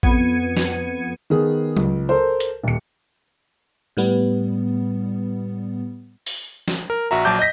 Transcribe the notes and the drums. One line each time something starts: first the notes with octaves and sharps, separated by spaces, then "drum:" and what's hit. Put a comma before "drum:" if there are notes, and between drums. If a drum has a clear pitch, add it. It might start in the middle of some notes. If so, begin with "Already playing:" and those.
F2 B3 G#6 C#7 D#7, drum: kick A1
drum: snare
D#3 B3 G#4
C#2, drum: tom F#3
A4 A#4 C5
drum: hi-hat
D#1 C#7
A2 G3 B3
drum: open hi-hat
drum: snare
A#4
A#1 F#4 E5 A#5
A#1 F#3 A5 D6 G6
D#5 G6 A#6 B6